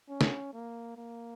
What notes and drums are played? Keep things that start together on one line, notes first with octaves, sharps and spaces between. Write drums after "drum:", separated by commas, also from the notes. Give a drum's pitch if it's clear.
C#4
drum: snare
A#3
A#3